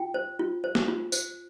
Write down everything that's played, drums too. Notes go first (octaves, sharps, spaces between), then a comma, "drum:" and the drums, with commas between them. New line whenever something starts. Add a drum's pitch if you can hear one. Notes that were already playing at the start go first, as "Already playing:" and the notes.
Already playing: F4 G5
C5
F4
C5
drum: snare
F4
C5, drum: tambourine